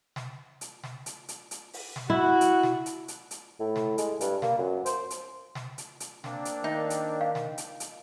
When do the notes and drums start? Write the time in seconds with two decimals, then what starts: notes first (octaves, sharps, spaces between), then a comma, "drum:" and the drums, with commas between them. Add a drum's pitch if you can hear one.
0.16 drum: snare
0.61 drum: hi-hat
0.84 drum: snare
1.06 drum: hi-hat
1.28 drum: hi-hat
1.51 drum: hi-hat
1.73 drum: open hi-hat
1.96 drum: snare
2.10 E4 F#4
2.41 drum: hi-hat
2.63 drum: snare
2.86 drum: hi-hat
3.08 drum: hi-hat
3.31 drum: hi-hat
3.60 A2
3.76 drum: snare
3.98 G#3, drum: hi-hat
4.21 G2, drum: hi-hat
4.42 A#3, drum: snare
4.58 F#2
4.86 C5, drum: hi-hat
5.10 drum: hi-hat
5.55 drum: snare
5.78 drum: hi-hat
6.00 drum: hi-hat
6.24 A#3 C4 D4, drum: snare
6.45 drum: hi-hat
6.64 D#3 D#4
6.90 drum: hi-hat
7.21 F5
7.35 drum: snare
7.58 drum: hi-hat
7.80 drum: hi-hat